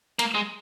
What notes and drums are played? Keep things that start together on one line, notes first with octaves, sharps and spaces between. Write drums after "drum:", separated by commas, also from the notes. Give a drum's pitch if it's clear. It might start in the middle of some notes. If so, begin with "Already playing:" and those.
A#3, drum: hi-hat
G#3